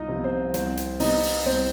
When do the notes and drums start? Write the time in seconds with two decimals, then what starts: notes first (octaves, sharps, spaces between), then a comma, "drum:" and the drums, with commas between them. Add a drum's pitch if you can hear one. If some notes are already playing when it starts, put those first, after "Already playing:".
Already playing: C2 D#4 F4 D#5 F5
0.08 C3 F3 B3
0.24 C4 C5
0.54 C2 C4 C5, drum: hi-hat
0.77 drum: hi-hat
1.00 C3 G3 B3 D#4 D#5, drum: open hi-hat
1.23 drum: open hi-hat
1.46 C2 C4 C5